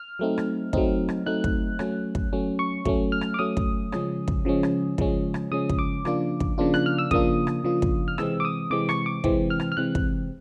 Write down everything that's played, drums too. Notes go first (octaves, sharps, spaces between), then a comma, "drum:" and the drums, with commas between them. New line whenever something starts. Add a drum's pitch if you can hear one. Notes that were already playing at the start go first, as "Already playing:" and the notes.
Already playing: F6
F#3 A3 C4 D#4
drum: rim click
F#3 A3 C4 D#4, drum: kick
drum: rim click
F#3 A3 C4 D#4 F#6
drum: kick
F#3 A3 C#4, drum: rim click
drum: kick
F#3 A3 C#4
C#6
F#3 A3 C#4, drum: kick
F6
drum: rim click
D6
F#3 A3 C#4 D#6
drum: kick
C#3 F3 G#3 C#4, drum: rim click
drum: kick
C#3 F3 G#3 C#4
drum: rim click
C#3 F3 G#3 C#4, drum: kick
drum: rim click
C#3 F3 G#3 C#4 D#6
drum: kick
D6
C#3 F3 A#3 D4 F4, drum: rim click
drum: kick
C#3 F3 A#3 D4 F4
F#6, drum: rim click
F6
E6
C#3 F3 A#3 D4 F4 D#6, drum: kick
drum: rim click
C#3 F3 A#3 D4 F4
drum: kick
F6
C3 E3 G#3 C4 E6, drum: rim click
D6
D#6
C3 E3 G#3 C4 D6
C#6, drum: rim click
D6
C3 E3 G#3 C4, drum: kick
F6
drum: rim click
F6
C3 E3 G#3 C4 F#6
drum: kick